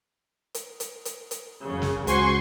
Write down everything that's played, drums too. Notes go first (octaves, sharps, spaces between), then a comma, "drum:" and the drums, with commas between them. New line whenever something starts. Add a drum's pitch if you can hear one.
drum: hi-hat
drum: hi-hat
drum: hi-hat
drum: hi-hat
F#2 C#3
drum: snare
C#2 F#4 C5 G#5 C6 C#6, drum: hi-hat